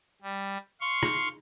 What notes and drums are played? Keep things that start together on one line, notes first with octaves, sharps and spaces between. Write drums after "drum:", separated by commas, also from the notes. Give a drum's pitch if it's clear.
G3
F5 C6 C#6
drum: rim click